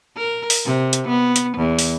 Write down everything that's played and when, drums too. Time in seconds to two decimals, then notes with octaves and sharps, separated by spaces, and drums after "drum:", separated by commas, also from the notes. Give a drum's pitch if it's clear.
0.17 A#4
0.50 drum: open hi-hat
0.65 C3
0.93 drum: hi-hat
1.09 B3
1.36 drum: hi-hat
1.57 E2
1.79 drum: open hi-hat